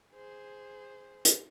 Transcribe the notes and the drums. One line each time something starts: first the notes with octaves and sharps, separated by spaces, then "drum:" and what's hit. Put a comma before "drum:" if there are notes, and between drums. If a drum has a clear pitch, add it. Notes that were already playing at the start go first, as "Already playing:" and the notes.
G#4 C5
drum: hi-hat